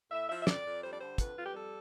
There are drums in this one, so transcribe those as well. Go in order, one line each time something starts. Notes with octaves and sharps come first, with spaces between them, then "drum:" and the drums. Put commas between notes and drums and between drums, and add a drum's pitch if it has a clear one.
A2 E5
F3 E5
E5
F2 D5, drum: snare
F2
G3 C5
D5
D3 C5
F2 B4, drum: kick, hi-hat
F2 F4
G4
G3 A4